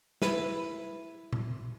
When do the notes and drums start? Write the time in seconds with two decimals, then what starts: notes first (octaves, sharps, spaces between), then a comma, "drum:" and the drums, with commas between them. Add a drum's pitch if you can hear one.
0.22 E4 B4, drum: snare
1.33 drum: tom A#2